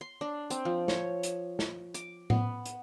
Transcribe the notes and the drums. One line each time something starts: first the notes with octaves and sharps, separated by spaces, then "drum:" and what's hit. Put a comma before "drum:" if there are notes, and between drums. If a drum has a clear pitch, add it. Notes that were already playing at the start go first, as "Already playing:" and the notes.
C6
D4
C4, drum: hi-hat
F3
C#5, drum: snare
drum: hi-hat
drum: snare
D6, drum: hi-hat
B3, drum: tom A2
drum: hi-hat